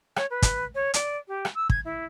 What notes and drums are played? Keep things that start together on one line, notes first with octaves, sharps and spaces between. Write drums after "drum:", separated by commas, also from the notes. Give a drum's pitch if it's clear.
C#5, drum: rim click
B4
drum: kick, hi-hat
C#5
D5, drum: hi-hat
G4
drum: rim click
E6
G#6, drum: kick
E4